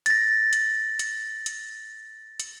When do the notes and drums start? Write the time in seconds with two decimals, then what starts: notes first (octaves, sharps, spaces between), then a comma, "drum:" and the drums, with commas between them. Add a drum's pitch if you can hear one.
0.06 A6 A#6, drum: hi-hat
0.53 drum: hi-hat
0.99 drum: hi-hat
1.46 drum: hi-hat
2.40 drum: hi-hat